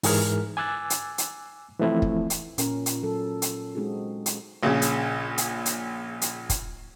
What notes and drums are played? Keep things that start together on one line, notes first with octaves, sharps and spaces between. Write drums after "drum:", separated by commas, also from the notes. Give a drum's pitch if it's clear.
G#2 E3 G#4 A#4 F6, drum: open hi-hat
G#5 D6 E6 F#6 A6
drum: hi-hat
drum: hi-hat
E3 F3 A3 C4 E4
drum: kick
drum: hi-hat
A#2 C#4 A#4, drum: hi-hat
drum: hi-hat
F#3 A4
drum: hi-hat
G#3 C4 D#4 F#4 G#4
drum: hi-hat
A#1 C#3
drum: hi-hat
drum: hi-hat
drum: hi-hat
drum: hi-hat
drum: kick, hi-hat